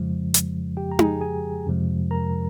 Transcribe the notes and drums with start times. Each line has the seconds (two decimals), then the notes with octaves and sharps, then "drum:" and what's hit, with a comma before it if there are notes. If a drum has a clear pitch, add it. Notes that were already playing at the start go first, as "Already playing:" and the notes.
Already playing: F2 C#3 F3 G#3
0.34 drum: hi-hat
0.77 G4 G5
0.92 A#5
0.99 G#4 G#5, drum: tom D#4
1.21 G#4 G#5
1.66 F2 C3 F3 G#3
2.11 A#4 A#5